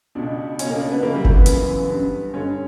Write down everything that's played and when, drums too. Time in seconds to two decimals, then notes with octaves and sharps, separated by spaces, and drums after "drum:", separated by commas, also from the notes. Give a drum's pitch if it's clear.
0.15 C#2 B2 D4
0.59 C#2 B2 C#4, drum: hi-hat
0.70 A#3
0.81 D4
0.92 B3
1.03 F#2 C#3 E3 A#3
1.14 G3
1.24 A#3, drum: kick F#1
1.36 B3
1.46 F#2 C#3 E3, drum: hi-hat
1.90 G2 D3
2.34 G2 D3 C#4